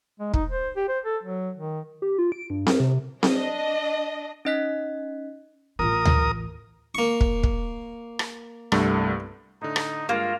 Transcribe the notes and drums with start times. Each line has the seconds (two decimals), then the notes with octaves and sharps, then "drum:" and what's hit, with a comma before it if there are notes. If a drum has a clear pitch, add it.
0.20 G#3
0.34 D#4, drum: kick
0.50 C5
0.76 G4
0.89 C5
1.05 A4
1.23 F#3
1.57 D#3
2.02 G4
2.18 F4
2.32 D7
2.50 G2
2.67 A#4, drum: snare C4
2.80 C3
3.23 D4 D#5, drum: snare C4
4.45 C#4 D#4 D#5 F#6 B6
5.79 A1 F4 A#4 D#6
6.05 drum: tom D2
6.95 A#3 C#6
7.21 drum: kick
7.43 drum: kick
8.19 drum: rim click
8.72 C2 G2 A3, drum: rim click
9.61 A2 D3 D#4
9.76 drum: rim click
10.09 G2 G#3 A#3 F4 A#5